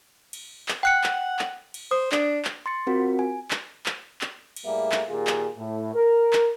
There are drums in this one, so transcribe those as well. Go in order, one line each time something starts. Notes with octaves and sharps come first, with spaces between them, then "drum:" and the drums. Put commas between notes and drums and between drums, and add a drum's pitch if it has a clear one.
drum: cymbal
drum: clap
F#5 G5 F#6 C#7
drum: clap
drum: clap
drum: cymbal
C5 D#6
D4, drum: clap
drum: clap
C6 A6 C#7
C4 F4 F#4 A#4
G#5
drum: clap
drum: clap
drum: clap
drum: cymbal
A2 G3 A#3 G#4 D5 E5
drum: clap
A#2 D#3 F4 G4 G#4
drum: clap
A2
A#4
drum: clap